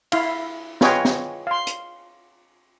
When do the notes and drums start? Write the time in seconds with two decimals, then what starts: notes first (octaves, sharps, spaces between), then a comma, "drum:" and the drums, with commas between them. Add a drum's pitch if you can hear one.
0.12 E4 F5, drum: cymbal
0.81 F4 G#4 B4 C#5 D#5 G5, drum: snare
1.05 drum: snare
1.47 F5 C6
1.67 drum: hi-hat